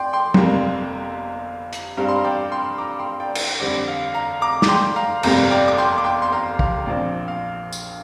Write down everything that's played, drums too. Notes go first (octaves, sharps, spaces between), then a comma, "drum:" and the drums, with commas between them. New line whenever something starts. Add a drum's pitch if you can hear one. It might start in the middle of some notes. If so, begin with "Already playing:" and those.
Already playing: D5 G5 C6
G5 C6
G1 F2 C3 G3 A#3, drum: tom
drum: hi-hat
G2 G3 C4 F5 A#5
C6
A#5
D5 G5
G5 C6
A#5 D6
G5 C6
D5 G5
drum: cymbal
F2 D3 G3 C4 D5
F5
F5 A#5
A#5 D6
D6, drum: snare
G5 C6
F5 A#5
G1 F2 C3 G3 A#3 F5 A#5, drum: cymbal
D5 G5
D6
G5 C6
D6
G5 C6
C6
F5 A#5
F5, drum: kick
A#1 A#2 F3 C4 D5
F5
drum: tambourine